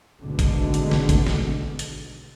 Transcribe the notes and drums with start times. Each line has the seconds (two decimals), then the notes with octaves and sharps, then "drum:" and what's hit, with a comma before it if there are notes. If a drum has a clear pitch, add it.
0.21 G#1 G#2 B2 D3 G#3 A3
0.39 drum: kick A1, hi-hat
0.74 drum: hi-hat
0.91 drum: snare
1.09 drum: kick A1, hi-hat
1.27 drum: snare
1.79 drum: hi-hat